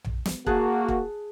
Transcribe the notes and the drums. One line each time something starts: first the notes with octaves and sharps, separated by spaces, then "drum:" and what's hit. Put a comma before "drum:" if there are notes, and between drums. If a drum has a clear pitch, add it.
drum: tom A#1
drum: snare
A#3 F#4 G#4 A5 F#6, drum: kick
drum: kick